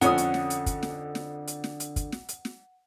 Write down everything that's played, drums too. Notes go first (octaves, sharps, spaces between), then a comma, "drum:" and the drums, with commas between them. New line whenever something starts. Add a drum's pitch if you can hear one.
F2 D3 C#4 F#5 D#6, drum: hi-hat
drum: hi-hat
drum: snare
drum: hi-hat
drum: kick, hi-hat
drum: snare
drum: snare
drum: hi-hat
drum: snare
drum: hi-hat
drum: kick, hi-hat
drum: snare
drum: hi-hat
drum: snare